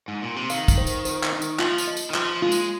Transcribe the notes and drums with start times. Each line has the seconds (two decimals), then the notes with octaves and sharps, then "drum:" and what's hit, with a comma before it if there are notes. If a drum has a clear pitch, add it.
0.08 G#2
0.22 A#2
0.36 C3
0.50 D#3 F5, drum: tambourine
0.68 drum: kick, tambourine
0.78 C5
0.87 drum: tambourine
1.05 C5, drum: tambourine
1.23 drum: clap
1.33 D#4
1.42 drum: tambourine
1.59 F3 F4, drum: clap
1.78 drum: tambourine
1.87 D#5
1.97 drum: tambourine
2.10 D#3
2.14 F3 F4, drum: clap
2.42 G#3 F4
2.52 drum: tambourine